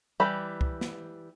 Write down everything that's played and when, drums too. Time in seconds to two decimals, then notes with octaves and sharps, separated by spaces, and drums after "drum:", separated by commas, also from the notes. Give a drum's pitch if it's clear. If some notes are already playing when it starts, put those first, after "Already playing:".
0.20 E3 G3 G4 B5
0.61 drum: kick
0.81 drum: snare